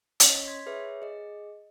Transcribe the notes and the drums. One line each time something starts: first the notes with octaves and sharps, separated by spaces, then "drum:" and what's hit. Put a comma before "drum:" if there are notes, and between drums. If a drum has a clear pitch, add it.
C#4 C#5 D#5 B6, drum: hi-hat
C6 G#6 B6
G#4 B4 C#5 E5
G#4 D#5